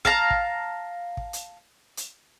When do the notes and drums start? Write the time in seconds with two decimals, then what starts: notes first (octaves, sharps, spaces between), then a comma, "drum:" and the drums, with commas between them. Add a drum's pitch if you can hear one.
0.05 F5 A5 A#5, drum: kick
0.30 drum: kick
1.17 drum: kick
1.33 drum: hi-hat
1.97 drum: hi-hat